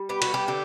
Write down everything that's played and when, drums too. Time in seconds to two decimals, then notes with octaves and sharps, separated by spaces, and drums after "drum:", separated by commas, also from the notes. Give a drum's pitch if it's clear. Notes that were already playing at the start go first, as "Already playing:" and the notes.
Already playing: G3
0.09 B3 G4
0.22 F#4, drum: cymbal
0.34 G4
0.48 D3 G4